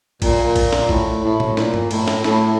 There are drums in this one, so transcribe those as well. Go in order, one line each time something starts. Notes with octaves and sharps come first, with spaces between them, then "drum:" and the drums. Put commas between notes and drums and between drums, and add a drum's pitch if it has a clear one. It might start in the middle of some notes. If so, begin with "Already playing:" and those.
A#2, drum: kick, cymbal
drum: kick, cymbal
drum: snare
A2, drum: kick
A2
drum: tom A#2
A#2, drum: snare
drum: tom G2
A2, drum: cymbal
drum: snare
A2, drum: snare